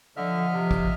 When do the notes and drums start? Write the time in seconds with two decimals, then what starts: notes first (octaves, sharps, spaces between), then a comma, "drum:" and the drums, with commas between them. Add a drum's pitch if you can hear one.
0.17 D3 F3 D#5 E5 F6
0.53 C3
0.71 drum: kick